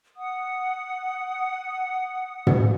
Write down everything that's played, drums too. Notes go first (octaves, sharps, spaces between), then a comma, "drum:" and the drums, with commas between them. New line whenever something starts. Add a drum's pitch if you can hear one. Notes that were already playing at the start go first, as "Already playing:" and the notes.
F#5 D#6
drum: tom